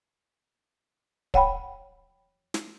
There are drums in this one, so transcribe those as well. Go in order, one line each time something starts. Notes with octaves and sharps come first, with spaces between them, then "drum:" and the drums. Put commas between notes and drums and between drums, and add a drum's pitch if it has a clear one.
C#5 F#5 G5 B5, drum: kick
drum: snare